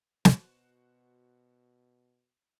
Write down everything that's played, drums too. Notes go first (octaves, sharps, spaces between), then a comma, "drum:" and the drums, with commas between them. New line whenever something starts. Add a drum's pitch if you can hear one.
B2 F#4 C5, drum: snare